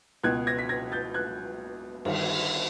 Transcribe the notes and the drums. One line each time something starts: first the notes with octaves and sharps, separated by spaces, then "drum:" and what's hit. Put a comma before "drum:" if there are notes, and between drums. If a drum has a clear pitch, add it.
C#2 B2 F#6 G#6
G#6 A#6
B6
G#6 A#6
G6 A6
F#6 G#6
G1 G2 D#3, drum: cymbal